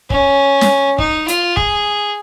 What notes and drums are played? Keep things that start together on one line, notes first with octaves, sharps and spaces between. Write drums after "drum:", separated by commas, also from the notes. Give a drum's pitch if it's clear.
C#4, drum: kick
drum: snare
D#4, drum: kick
F4, drum: hi-hat
G#4, drum: kick